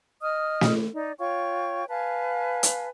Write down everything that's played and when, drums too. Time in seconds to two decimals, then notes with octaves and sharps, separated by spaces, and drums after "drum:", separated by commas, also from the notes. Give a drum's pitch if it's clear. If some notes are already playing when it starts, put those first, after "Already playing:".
0.22 D#5 D#6 F6
0.61 drum: snare
0.94 D#4 D5
1.18 F4 C#5 G5 C#6
1.89 B4 F5 G#5 A5
2.63 drum: hi-hat